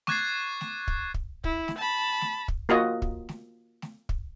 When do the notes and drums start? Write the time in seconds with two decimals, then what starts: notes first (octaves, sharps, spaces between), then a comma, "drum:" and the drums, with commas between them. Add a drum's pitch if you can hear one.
0.07 C#6 D6 F#6 G#6 A6 C7, drum: snare A3
0.61 drum: snare A3
0.88 drum: kick
1.14 drum: kick
1.44 E4, drum: kick
1.68 drum: snare A3
1.78 A5 B5
2.21 drum: snare A3
2.48 drum: kick
2.69 A#3 F4 F#4 D#5
3.02 drum: kick
3.29 drum: snare A3
3.82 drum: snare A3
4.09 drum: kick